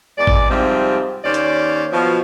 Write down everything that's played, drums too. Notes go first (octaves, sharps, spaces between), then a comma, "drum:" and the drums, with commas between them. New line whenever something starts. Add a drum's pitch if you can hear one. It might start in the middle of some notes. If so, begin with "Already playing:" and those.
E2 G#3 D5
drum: kick G#1
G#2 C3 F3 G3 C4
D#2 C#4 C5 D5
drum: hi-hat
B2 F3